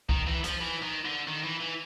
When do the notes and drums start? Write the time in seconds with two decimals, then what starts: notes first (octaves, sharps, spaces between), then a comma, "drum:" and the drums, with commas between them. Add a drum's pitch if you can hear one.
0.09 D#3, drum: kick
0.27 E3
0.44 F3, drum: hi-hat
0.61 E3
0.83 D#3
1.05 D3
1.28 D#3
1.44 E3
1.60 E3